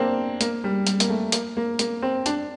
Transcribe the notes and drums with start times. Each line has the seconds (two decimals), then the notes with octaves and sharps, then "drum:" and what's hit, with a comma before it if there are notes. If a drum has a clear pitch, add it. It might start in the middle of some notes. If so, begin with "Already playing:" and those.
Already playing: A#3 C4 D4
0.41 A#3, drum: hi-hat
0.64 G3
0.87 G3, drum: hi-hat
1.00 A#3, drum: hi-hat
1.10 A3
1.32 A#3, drum: hi-hat
1.57 A#3
1.79 A#3, drum: hi-hat
2.02 C4
2.26 D4, drum: hi-hat